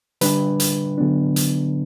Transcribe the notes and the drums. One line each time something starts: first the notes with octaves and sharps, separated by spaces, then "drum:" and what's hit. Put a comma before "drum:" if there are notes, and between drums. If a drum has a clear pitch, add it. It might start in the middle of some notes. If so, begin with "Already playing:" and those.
D3 G3 D4 B4, drum: hi-hat
drum: hi-hat
D3 F#3 B3 D4
drum: hi-hat